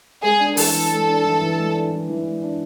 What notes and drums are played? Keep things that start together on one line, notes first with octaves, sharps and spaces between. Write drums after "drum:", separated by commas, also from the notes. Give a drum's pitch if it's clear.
G#3 G#4
D4
E3 A4, drum: open hi-hat
E3
G#3
D4
E3
E3
G#3
D4
E3
E3
G#3
D4